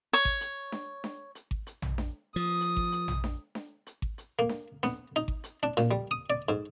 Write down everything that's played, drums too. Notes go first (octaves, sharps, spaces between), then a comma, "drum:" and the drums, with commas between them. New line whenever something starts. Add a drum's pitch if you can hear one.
C#5
drum: kick G#1
drum: hi-hat
drum: snare D4
drum: snare D4
drum: hi-hat
drum: kick G#1
drum: hi-hat
drum: tom A#1
drum: snare D4
F3 D#6
drum: hi-hat
drum: kick G#1
drum: hi-hat
drum: tom A#1
drum: snare D4
drum: snare D4
drum: hi-hat
drum: kick G#1
drum: hi-hat
A#3
drum: snare D4
B3, drum: snare D4
D#4
drum: kick G#1
drum: hi-hat
D4
A#2, drum: snare D4
G3
D#6
D5
G#2